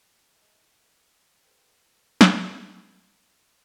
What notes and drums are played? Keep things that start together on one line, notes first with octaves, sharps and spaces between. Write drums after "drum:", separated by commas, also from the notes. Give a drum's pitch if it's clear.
D#3 G#3 A3
G4 A4 B4 C5 G5
drum: snare